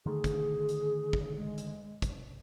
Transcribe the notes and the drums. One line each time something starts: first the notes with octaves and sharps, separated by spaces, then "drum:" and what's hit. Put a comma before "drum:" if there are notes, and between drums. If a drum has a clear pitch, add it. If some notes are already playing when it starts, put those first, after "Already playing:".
D3 D#3 A3 G#4
drum: kick, hi-hat
drum: hi-hat
drum: kick
G#3
drum: hi-hat
drum: kick, hi-hat